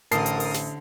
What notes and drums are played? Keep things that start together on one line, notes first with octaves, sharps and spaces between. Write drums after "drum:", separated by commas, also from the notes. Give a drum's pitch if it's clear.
A1 D3 G4 A#4 C5 A5 D#6 C7, drum: hi-hat
drum: hi-hat
drum: open hi-hat
drum: snare